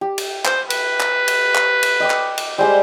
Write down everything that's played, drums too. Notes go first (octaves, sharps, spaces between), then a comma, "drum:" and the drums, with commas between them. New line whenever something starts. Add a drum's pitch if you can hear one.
G4
drum: cymbal
C5, drum: clap
B4, drum: cymbal
drum: clap
drum: cymbal
drum: clap
drum: cymbal
D#5 G5 D6
drum: clap
drum: cymbal
G3 G#3 G4 C5